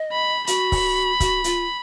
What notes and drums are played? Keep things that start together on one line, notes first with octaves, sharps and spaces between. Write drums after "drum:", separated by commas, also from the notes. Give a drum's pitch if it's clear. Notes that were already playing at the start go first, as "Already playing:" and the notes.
Already playing: D#5
B5
F#4 B5, drum: hi-hat
drum: kick C#1, open hi-hat
F#4, drum: kick C#1, hi-hat
F4, drum: hi-hat